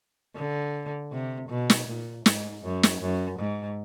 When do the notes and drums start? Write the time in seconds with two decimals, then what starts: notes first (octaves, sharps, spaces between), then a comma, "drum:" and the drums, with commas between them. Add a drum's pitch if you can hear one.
0.36 D3
1.12 C3
1.49 B2
1.70 drum: snare
1.88 A#2
2.26 G#2, drum: snare
2.63 F#2
2.83 drum: snare
3.01 F#2
3.39 G#2